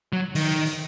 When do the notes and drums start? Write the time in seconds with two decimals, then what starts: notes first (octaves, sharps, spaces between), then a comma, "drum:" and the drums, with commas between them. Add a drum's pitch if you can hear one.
0.13 F#3
0.35 D#3, drum: open hi-hat
0.66 drum: hi-hat